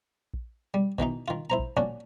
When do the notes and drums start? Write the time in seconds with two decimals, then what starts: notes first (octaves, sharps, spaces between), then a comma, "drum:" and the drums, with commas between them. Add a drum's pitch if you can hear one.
0.34 drum: kick A#1
0.74 G3
0.99 B2 D#3 E3 D#4, drum: kick A#1
1.28 D#3 F4
1.50 E4 C5 A#5
1.59 drum: kick A#1
1.77 A#2 C#4 D4 F#4